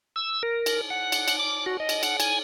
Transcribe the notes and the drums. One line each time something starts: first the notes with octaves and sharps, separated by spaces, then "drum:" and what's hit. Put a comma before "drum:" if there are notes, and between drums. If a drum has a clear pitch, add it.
E6
A#4
drum: cymbal
F#5
drum: cymbal
drum: cymbal
D6
F#4
D#5
drum: cymbal
F#5, drum: cymbal
G#5, drum: cymbal